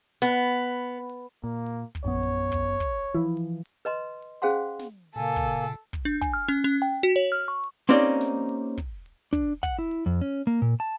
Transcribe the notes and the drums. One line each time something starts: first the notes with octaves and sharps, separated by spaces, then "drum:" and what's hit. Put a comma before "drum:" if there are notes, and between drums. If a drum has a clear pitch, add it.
B3, drum: hi-hat
drum: hi-hat
drum: hi-hat
A#2 A#3
drum: hi-hat
drum: kick, hi-hat
A#1 F#2 B3 C#5
drum: hi-hat
drum: kick, hi-hat
drum: kick, hi-hat
E3 F3 E4
drum: hi-hat
drum: hi-hat
B4 D#5 A#5 C6
drum: hi-hat
C#4 G#4 C5 F5 F#5 C6
drum: hi-hat
drum: snare
A#2 C#3 A#3 A4 G#5
drum: kick, hi-hat
drum: hi-hat
drum: kick, hi-hat
D4
G#5, drum: kick, hi-hat
F6
C#4, drum: hi-hat
C#4
G5
F#4
C#5
F6
C#6
drum: hi-hat
A#3 C4 C#4 D#4 G4 D5
drum: snare
drum: hi-hat
drum: kick, hi-hat
drum: hi-hat
D4, drum: kick, hi-hat
F#5, drum: kick
E4
drum: hi-hat
F2
C#4, drum: hi-hat
A#3, drum: hi-hat
A#2
A5